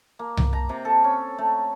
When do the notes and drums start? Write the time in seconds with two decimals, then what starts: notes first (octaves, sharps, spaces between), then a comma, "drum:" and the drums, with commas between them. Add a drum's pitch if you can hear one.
0.19 A#3
0.37 drum: tom C2
0.53 A#5
0.69 C3
0.85 A4
1.04 C#4
1.38 A3